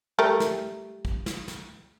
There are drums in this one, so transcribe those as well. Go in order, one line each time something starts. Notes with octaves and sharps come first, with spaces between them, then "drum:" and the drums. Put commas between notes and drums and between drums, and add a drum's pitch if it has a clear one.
G3 A3 A#4
drum: snare
drum: kick
drum: snare
drum: snare